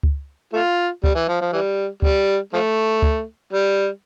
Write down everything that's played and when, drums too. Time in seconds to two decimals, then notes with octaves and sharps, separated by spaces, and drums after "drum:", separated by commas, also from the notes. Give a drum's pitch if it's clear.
0.03 drum: kick C#2
0.53 A3 F4
1.04 G3, drum: kick C#2
1.15 E3
1.28 F3
1.41 F3
1.53 E3 G3
2.02 G3, drum: kick C#2
2.53 F3 A3
3.02 drum: kick C#2
3.53 G3